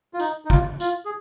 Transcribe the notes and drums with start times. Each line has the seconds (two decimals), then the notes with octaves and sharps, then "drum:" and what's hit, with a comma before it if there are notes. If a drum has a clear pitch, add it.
0.14 F4
0.20 D#4, drum: tambourine
0.45 D#4
0.50 F4, drum: kick
0.80 F4, drum: tambourine
1.05 G#4